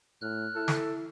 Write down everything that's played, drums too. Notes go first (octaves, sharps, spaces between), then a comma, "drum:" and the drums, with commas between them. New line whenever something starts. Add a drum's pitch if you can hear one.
A2 F6 F#6
E4 A4
drum: snare